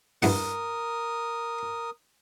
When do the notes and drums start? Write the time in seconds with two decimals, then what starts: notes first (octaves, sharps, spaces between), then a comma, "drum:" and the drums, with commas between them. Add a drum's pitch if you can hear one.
0.22 G2 E4 A#4 F#5 D#6, drum: open hi-hat